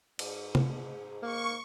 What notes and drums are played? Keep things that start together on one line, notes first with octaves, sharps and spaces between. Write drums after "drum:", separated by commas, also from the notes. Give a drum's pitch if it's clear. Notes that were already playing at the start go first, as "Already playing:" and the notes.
G#2, drum: cymbal
drum: tom C3
A#3 C#6